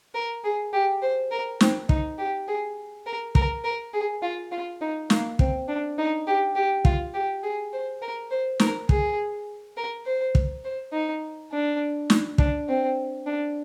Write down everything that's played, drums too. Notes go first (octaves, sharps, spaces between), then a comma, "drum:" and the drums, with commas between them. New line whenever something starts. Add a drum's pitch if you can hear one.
A#4
G#4
G4
C5
A#4
C4, drum: snare
D#4, drum: kick
G4
G#4
A#4
A#4, drum: kick
A#4
G#4
F4
F4
D#4
A#3, drum: snare
C4, drum: kick
D4
D#4
G4
G4
F4, drum: kick
G4
G#4
C5
A#4
C5
A#4, drum: snare
G#4, drum: kick
A#4
C5
drum: kick
C5
D#4
D4
drum: snare
D4, drum: kick
C4
D4